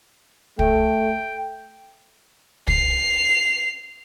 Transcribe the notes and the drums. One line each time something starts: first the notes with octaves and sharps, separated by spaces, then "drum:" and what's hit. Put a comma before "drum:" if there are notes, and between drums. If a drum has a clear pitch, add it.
A3 G5, drum: kick
C7 F7, drum: kick